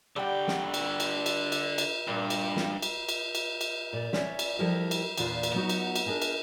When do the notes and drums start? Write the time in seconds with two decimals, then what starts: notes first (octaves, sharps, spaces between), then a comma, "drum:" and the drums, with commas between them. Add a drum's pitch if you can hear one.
0.16 D3 G3 F#5 G5
0.48 drum: snare
0.74 drum: cymbal
1.00 drum: cymbal
1.26 drum: cymbal
1.52 drum: cymbal
1.78 drum: cymbal
2.07 G2 A#2
2.30 drum: cymbal
2.56 drum: snare
2.82 drum: cymbal
3.09 drum: cymbal
3.35 drum: cymbal
3.61 drum: cymbal
3.93 A#2 D5
4.13 C#4 C#5 D5 E5, drum: snare
4.39 drum: cymbal
4.59 F3 G3 E4 G4 A4 A#4
4.91 drum: cymbal
5.17 E2 A#2 D4 F4 B4 F5, drum: cymbal
5.43 drum: cymbal
5.54 F#3 B3 D#4 F#4
5.69 drum: cymbal
5.96 drum: cymbal
6.06 D4 G#4 A#4 G#5
6.22 drum: cymbal